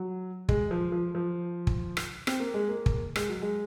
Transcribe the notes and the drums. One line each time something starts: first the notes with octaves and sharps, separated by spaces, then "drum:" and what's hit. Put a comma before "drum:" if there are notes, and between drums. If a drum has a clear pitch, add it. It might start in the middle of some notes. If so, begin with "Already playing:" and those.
Already playing: F#3
G#3, drum: kick
F3
F3
F3
drum: kick
drum: rim click
C4, drum: rim click
A#3
G#3
A#3
drum: kick
G#3, drum: rim click
F#3
G#3